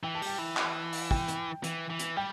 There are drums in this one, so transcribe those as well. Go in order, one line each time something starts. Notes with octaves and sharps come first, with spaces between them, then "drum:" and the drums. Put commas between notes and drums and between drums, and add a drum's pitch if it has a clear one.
E3 G5
A5
G3 G5, drum: open hi-hat
E3
drum: clap
drum: open hi-hat
G5, drum: kick
drum: hi-hat
E3, drum: hi-hat
E3
drum: hi-hat
G3 G5